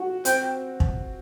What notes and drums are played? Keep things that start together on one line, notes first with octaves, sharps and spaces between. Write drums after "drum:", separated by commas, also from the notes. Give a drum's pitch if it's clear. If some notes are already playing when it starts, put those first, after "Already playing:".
Already playing: F#4
C4 G5, drum: hi-hat
drum: kick